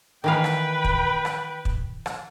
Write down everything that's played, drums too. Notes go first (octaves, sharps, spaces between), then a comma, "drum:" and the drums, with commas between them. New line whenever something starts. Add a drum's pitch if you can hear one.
D#3 E3 B4 F5 G5
drum: rim click
drum: kick
drum: rim click
drum: kick
drum: rim click